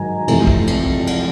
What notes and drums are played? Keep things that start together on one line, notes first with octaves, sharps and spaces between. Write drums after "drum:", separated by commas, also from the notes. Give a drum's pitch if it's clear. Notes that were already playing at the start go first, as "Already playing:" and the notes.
Already playing: G#2 D#3 F#3 G#5 A#5
F2 C3 E3 A3 C4, drum: cymbal
drum: kick A#1
drum: cymbal
drum: cymbal